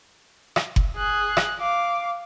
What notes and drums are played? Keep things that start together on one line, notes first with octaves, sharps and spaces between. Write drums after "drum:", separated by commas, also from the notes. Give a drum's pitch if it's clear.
drum: rim click
drum: kick F#1
G#4 F#6
drum: rim click
F5 D6